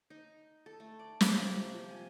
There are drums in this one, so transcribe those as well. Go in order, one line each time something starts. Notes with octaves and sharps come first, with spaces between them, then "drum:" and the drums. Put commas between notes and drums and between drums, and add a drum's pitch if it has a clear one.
D#4
A4
A3
D5
A#3, drum: snare
C3
F3
F3
G#5